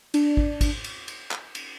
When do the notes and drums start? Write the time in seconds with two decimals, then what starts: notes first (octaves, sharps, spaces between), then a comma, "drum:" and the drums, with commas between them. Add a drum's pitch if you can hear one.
0.14 D4, drum: cymbal
0.37 drum: kick G#1
0.61 drum: kick G#1, cymbal
0.84 drum: cymbal
1.08 drum: cymbal
1.31 drum: clap
1.55 drum: cymbal